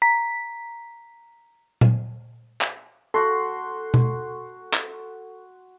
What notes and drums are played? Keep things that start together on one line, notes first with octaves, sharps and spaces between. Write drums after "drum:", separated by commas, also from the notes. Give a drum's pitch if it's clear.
A#5 B6
drum: tom A#2
drum: clap
F#4 A4 C6
drum: tom B2
drum: clap